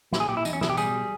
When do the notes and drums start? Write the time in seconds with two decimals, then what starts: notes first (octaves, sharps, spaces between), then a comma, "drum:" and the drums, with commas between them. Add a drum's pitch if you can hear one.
0.12 A#2 E4, drum: snare
0.20 G#4
0.28 A#2 G4
0.37 E4
0.45 E2 D#4, drum: tambourine
0.53 C#4
0.61 B2 E4, drum: snare
0.70 G4
0.77 G3 G#4, drum: tambourine